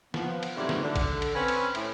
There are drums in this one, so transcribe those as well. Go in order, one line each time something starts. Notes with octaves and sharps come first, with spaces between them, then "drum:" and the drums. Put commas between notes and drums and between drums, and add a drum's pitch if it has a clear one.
F3 B3, drum: snare
drum: cymbal
G#2 C3 E3 F#3 G3 A3
drum: snare
D3
drum: kick, cymbal
drum: cymbal
C4 C#4 B4
drum: cymbal
A2, drum: cymbal